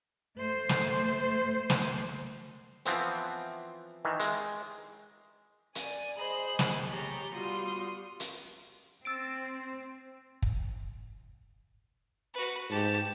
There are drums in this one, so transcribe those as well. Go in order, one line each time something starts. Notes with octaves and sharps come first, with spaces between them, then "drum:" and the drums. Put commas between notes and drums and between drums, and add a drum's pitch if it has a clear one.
A3 C5
drum: snare
drum: snare
E3 F3 B3 C4, drum: hi-hat
D#3 E3
G#3, drum: hi-hat
D5 G#5, drum: hi-hat
G#4 C5 D#5 B5
drum: snare
G4 G#4 C#5 A#5 G6 A6
G3 B3 F4 F#4 C6 D#6
drum: hi-hat
C4 E6 A6 D7
drum: kick
F#4 B4
G#2 G4 A5